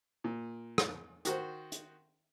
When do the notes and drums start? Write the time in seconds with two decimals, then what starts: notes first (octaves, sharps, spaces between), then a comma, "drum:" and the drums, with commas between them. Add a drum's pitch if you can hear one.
0.24 A#2
0.78 drum: rim click
1.25 D#3 F#4 C5, drum: hi-hat
1.72 drum: hi-hat